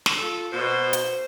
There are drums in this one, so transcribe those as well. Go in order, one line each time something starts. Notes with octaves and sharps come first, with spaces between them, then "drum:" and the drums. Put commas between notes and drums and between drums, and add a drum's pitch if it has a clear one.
drum: snare
F4 A4
B2 C5
drum: hi-hat